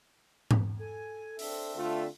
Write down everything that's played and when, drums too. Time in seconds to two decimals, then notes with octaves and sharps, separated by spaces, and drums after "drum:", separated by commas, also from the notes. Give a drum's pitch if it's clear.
0.51 drum: tom G#2
0.79 A4 G#5
1.39 C4 D4 E5, drum: open hi-hat
1.76 D3 A3 F4 A4